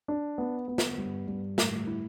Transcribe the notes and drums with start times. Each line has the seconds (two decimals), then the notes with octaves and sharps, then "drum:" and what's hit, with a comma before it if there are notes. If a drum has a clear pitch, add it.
0.08 D4
0.38 B3
0.68 B3
0.78 drum: snare
0.98 G2
1.27 G2
1.58 A2, drum: snare
1.87 E4